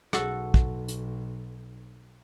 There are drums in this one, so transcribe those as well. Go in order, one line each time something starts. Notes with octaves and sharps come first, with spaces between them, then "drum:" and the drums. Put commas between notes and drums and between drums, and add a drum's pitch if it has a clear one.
B1 F#4 A4, drum: rim click
drum: kick
drum: hi-hat